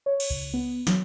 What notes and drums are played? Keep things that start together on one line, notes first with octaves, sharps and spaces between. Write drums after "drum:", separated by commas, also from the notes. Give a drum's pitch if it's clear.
C#5
drum: cymbal
C#2
B3
F#3, drum: snare